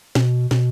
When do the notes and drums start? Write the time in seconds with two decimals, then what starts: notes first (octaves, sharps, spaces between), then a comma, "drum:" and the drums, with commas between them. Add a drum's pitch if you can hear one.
0.15 B2, drum: snare
0.51 B2, drum: snare